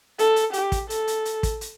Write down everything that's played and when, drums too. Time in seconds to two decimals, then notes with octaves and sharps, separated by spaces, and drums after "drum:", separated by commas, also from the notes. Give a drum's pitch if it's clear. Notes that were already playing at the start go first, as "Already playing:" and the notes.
0.19 A4, drum: hi-hat
0.36 drum: hi-hat
0.53 G4, drum: hi-hat
0.72 drum: kick, hi-hat
0.90 A4, drum: hi-hat
1.08 drum: hi-hat
1.25 drum: hi-hat
1.43 drum: kick, hi-hat
1.61 drum: hi-hat